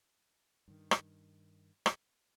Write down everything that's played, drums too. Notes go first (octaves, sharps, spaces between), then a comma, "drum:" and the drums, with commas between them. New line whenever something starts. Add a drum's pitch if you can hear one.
G2 D#3
drum: rim click
drum: rim click